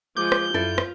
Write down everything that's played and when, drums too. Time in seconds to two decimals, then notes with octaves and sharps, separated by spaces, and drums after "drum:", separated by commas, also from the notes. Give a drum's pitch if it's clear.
0.16 F3 G#3 D6 G6
0.32 drum: rim click
0.54 F#2 E4 F4 A4 D5
0.78 drum: rim click